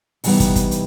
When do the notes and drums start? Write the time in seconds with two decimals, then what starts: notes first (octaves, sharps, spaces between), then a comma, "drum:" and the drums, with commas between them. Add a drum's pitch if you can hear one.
0.24 C3 E3 G3 B3 D#4, drum: open hi-hat
0.40 drum: kick, hi-hat
0.56 drum: kick, hi-hat
0.71 drum: hi-hat